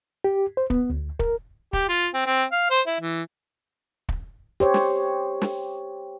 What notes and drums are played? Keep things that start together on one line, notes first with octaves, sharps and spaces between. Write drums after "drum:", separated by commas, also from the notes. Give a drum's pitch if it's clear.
G4
C5
B3, drum: kick
D2
A#4, drum: kick
G4, drum: kick
F4
C4
C4
F5
C5
E4
E3
drum: kick
G4 C5 C#5
drum: snare
drum: snare